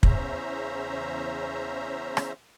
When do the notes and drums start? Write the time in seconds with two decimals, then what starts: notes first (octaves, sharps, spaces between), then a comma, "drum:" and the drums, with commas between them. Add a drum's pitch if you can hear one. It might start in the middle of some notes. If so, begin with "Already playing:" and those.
0.03 E2 C#3 C#4 C5 E5 A#5, drum: kick
2.17 drum: rim click